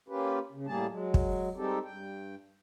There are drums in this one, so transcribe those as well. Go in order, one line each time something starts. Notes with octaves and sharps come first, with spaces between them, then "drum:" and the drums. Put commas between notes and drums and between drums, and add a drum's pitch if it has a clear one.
A#3 C#4 F4 G4 B4
C#3
A2 G3 A#3 G#4 A5
F#3 G#3
drum: kick
G3 G#3 C4 D#4 G4 A4
G2 G5